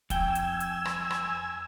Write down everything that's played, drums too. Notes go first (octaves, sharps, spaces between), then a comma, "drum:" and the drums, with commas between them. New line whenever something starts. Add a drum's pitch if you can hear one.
F2 G5 G#5 E6, drum: kick, hi-hat
drum: hi-hat
drum: hi-hat
drum: rim click
drum: rim click